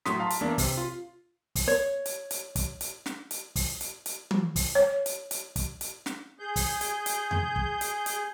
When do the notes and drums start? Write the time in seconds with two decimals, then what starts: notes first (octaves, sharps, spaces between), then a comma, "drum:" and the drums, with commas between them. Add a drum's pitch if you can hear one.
0.05 A2 F#3 C6 D#6 B6, drum: snare
0.20 F5 A5 A#5 C6
0.30 drum: hi-hat
0.41 E2 A#3 D4
0.58 C3, drum: kick, open hi-hat
0.77 F4
1.56 drum: kick, open hi-hat
1.68 C#5
2.06 drum: hi-hat
2.31 drum: hi-hat
2.56 drum: kick, hi-hat
2.81 drum: hi-hat
3.06 drum: snare
3.31 drum: hi-hat
3.56 drum: kick, open hi-hat
3.81 drum: hi-hat
4.06 drum: hi-hat
4.31 drum: tom E3
4.56 drum: kick, open hi-hat
4.75 C#5
5.06 drum: hi-hat
5.31 drum: hi-hat
5.56 drum: kick, hi-hat
5.81 drum: hi-hat
6.06 drum: snare
6.40 G#4 G6
6.56 drum: kick, open hi-hat
6.81 drum: hi-hat
7.06 drum: hi-hat
7.31 drum: tom E2
7.56 drum: kick
7.81 drum: hi-hat
8.06 drum: hi-hat